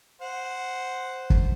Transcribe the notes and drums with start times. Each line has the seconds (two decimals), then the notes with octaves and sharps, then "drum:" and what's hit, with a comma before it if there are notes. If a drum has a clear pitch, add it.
0.21 C5 F#5
1.30 drum: kick